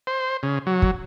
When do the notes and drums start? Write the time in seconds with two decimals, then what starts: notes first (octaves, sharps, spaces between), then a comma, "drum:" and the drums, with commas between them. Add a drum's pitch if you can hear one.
0.07 C5
0.43 C#3
0.67 F#3
0.82 drum: kick